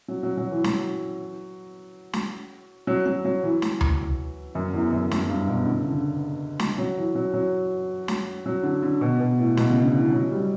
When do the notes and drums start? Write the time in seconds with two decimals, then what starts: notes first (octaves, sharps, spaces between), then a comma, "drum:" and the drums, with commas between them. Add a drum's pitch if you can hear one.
0.08 F#3
0.23 F#3
0.37 F#3
0.51 E3
0.64 F#3, drum: snare
2.13 drum: snare
2.87 F#3
3.06 F#3
3.25 F#3
3.43 E3
3.62 drum: snare
3.81 drum: tom D2
4.55 F#2
4.73 E2
4.92 F#2
5.11 F#2, drum: snare
5.29 G2
5.48 B2
5.67 D3
5.78 C#3
5.88 D3
6.59 drum: snare
6.78 F#3
6.97 E3
7.15 F#3
7.34 F#3
8.08 drum: snare
8.46 F#3
8.63 D3
8.83 D3
9.01 B2
9.20 B2
9.39 A2
9.57 B2, drum: snare
9.70 C#3
9.84 D3
9.99 E3
10.13 F#3
10.32 G3